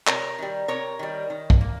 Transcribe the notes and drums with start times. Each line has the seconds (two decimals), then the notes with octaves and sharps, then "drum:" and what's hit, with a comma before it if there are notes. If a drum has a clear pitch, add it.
0.07 C3 A#4 C#5, drum: clap
0.39 D#3 G3
0.68 C3 A#4 C#5
0.99 D#3 G3
1.30 D#3
1.50 drum: kick
1.61 A#3